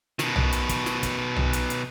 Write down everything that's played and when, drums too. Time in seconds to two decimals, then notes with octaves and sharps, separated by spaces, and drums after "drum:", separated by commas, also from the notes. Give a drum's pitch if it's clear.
0.19 B2 D#3, drum: snare
0.36 drum: tom
0.53 drum: hi-hat
0.69 drum: kick, hi-hat
0.86 drum: snare
1.03 drum: kick, hi-hat
1.36 drum: tom
1.53 drum: hi-hat
1.70 drum: hi-hat